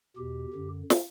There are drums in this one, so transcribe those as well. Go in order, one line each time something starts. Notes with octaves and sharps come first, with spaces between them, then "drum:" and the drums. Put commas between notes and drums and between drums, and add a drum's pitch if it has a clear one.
E2 B2 G4
F#2 D3
drum: snare